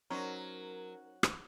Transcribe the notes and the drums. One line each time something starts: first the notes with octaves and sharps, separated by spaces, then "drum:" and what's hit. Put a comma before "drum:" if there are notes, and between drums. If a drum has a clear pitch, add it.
F#3 C#4 D#4 A#4 C5
drum: rim click